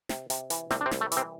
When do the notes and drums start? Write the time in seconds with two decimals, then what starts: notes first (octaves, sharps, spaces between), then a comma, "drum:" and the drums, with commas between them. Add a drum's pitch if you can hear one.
0.09 C3, drum: snare
0.30 C3, drum: hi-hat
0.50 E3, drum: hi-hat
0.71 C2 C3 C4, drum: snare
0.81 D4
0.86 C3 C4
0.91 C2, drum: snare
1.01 A3
1.12 E3, drum: hi-hat
1.17 C3 C4